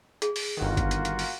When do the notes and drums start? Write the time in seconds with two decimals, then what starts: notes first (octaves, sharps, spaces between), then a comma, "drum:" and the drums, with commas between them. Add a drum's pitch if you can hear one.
0.22 G#4, drum: hi-hat
0.36 drum: open hi-hat
0.57 G1 D#3 A#3 F4 F#4
0.77 drum: kick G#1, hi-hat
0.91 drum: hi-hat
1.05 drum: hi-hat
1.19 drum: open hi-hat